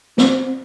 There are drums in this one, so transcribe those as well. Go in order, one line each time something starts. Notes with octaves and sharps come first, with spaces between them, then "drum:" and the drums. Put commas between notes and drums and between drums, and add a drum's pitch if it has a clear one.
C4, drum: snare